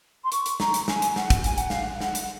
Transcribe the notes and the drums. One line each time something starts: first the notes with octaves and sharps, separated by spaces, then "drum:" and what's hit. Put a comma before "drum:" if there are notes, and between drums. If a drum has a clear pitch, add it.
C6
C#6, drum: hi-hat
drum: hi-hat
A#5, drum: snare
drum: hi-hat
G#5, drum: snare
drum: hi-hat
F#5, drum: snare
drum: kick, hi-hat
G#5, drum: hi-hat
F#5, drum: hi-hat
F5, drum: snare
F#5
F#5, drum: snare
drum: hi-hat